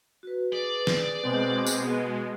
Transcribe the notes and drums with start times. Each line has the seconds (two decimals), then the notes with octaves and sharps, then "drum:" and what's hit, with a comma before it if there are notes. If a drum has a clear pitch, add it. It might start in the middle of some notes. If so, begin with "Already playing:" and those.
0.23 F#4 B4
0.52 G#4 B4 D5
0.87 drum: snare
1.23 B2 G#3 C4
1.67 drum: tambourine
1.87 B3